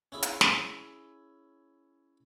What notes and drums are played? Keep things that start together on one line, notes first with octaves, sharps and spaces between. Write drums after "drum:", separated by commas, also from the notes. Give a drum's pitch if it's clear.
C#4 E4 G#4
drum: hi-hat
drum: snare